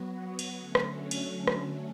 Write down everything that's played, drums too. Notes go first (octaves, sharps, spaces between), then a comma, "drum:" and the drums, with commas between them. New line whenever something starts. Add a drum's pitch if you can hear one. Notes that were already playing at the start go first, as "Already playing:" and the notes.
Already playing: F#3 B3 F#4
drum: cymbal
D3 F#3 A3 C#4
drum: rim click
drum: cymbal
drum: rim click